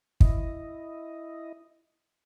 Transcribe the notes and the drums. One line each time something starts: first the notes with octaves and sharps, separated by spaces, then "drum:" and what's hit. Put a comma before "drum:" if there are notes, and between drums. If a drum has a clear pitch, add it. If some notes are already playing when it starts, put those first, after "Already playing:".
E4 D#5, drum: kick